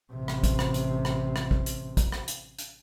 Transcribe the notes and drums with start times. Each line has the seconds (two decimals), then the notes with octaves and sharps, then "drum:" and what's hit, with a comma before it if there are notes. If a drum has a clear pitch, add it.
0.13 A1 C3
0.28 drum: rim click
0.44 drum: kick, hi-hat
0.59 drum: rim click
0.74 drum: hi-hat
1.05 drum: rim click
1.36 drum: rim click
1.51 drum: kick
1.66 drum: hi-hat
1.97 drum: kick, hi-hat
2.12 drum: rim click
2.28 drum: hi-hat
2.59 drum: hi-hat